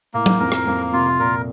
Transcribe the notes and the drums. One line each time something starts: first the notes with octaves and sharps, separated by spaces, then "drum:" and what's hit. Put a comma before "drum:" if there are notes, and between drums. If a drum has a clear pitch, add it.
A2 A#3
drum: tom F#3
F2 A#4
drum: rim click
F2 A#3
C3 F4
A#2 A#4